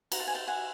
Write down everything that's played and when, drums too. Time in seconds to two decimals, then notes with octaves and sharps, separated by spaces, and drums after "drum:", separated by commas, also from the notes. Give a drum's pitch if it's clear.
0.12 D#4 F#4 A#5, drum: cymbal
0.20 A5
0.27 G#5
0.35 G5 A5
0.48 F#5 G#5